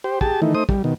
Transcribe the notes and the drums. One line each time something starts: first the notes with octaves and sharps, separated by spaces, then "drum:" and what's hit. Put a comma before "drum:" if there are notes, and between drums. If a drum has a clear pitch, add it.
G4 C5
G4 G#4 A5, drum: kick
D#3 E3 A3 D#4
A3 D#4 C5 D#6
G3, drum: kick
B2 D#3